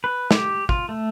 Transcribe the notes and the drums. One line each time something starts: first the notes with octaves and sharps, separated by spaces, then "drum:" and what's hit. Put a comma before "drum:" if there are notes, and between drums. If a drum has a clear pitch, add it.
B4
G4, drum: snare
F4, drum: kick
A3